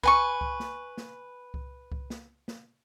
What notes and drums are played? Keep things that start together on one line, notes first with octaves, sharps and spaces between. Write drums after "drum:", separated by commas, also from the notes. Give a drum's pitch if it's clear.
B4 G#5 C#6, drum: kick C2
drum: kick C2
drum: snare
drum: snare
drum: kick C2
drum: kick C2
drum: snare
drum: snare